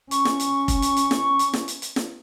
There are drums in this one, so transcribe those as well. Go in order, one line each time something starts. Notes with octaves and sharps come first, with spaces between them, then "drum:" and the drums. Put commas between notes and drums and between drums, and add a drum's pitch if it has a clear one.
C#4 C#6, drum: hi-hat
drum: snare
drum: hi-hat
drum: kick F1, hi-hat
drum: hi-hat
drum: hi-hat
drum: snare
drum: hi-hat
drum: snare
drum: hi-hat
drum: hi-hat
drum: snare